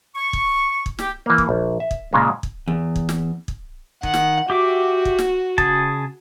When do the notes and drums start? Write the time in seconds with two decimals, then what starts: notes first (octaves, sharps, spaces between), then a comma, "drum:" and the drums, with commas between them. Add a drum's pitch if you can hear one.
0.16 C#6
0.33 drum: kick
0.86 drum: kick
0.99 G4, drum: snare
1.26 E3 A#3
1.38 drum: kick
1.49 A#1
1.80 E5
1.91 drum: kick
2.13 A#2 C#3 G#3
2.43 drum: kick
2.68 E2
2.96 drum: kick
3.09 drum: snare
3.48 drum: kick
4.03 D#3 F#5, drum: kick
4.14 drum: snare
4.50 F#4 G4 E5 D6
5.05 drum: kick
5.19 drum: snare
5.58 C#3 G#4 A5, drum: kick